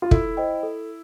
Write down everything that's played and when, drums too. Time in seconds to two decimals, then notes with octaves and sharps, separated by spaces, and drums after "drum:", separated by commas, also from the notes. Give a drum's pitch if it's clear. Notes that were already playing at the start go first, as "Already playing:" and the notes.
0.02 F4
0.11 E4 A4, drum: kick
0.37 C5 D#5 G5
0.63 A4